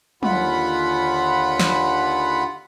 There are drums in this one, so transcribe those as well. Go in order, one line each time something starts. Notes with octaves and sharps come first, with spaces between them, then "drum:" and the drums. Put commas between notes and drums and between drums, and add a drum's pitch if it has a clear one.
D#2 D3 F4 F#5 B5, drum: tom
drum: snare